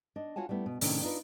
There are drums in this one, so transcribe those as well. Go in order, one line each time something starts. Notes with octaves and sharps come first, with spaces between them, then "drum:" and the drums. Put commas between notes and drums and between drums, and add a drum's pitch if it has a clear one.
D4 D#5
F4 F#4 C#5 F#5 G#5 A5
G3 A3 B3 E4
B2
A2 C3 D#3 C#4 D4, drum: open hi-hat
D4 D#4 F4 B4